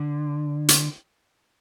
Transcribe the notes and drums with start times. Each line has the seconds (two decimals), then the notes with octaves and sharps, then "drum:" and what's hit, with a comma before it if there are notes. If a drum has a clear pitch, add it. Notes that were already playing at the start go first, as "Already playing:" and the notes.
Already playing: D3
0.68 drum: hi-hat